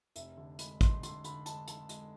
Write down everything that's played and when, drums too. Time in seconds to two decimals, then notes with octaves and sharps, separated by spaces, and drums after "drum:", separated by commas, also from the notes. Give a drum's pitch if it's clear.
0.16 F1 E5, drum: hi-hat
0.37 D3
0.59 G#3 B5, drum: hi-hat
0.81 G#3 C6, drum: kick, hi-hat
1.03 D3 C6, drum: hi-hat
1.24 D3 B5, drum: hi-hat
1.46 G#3 A5, drum: hi-hat
1.68 D3 A5, drum: hi-hat
1.89 G#3, drum: hi-hat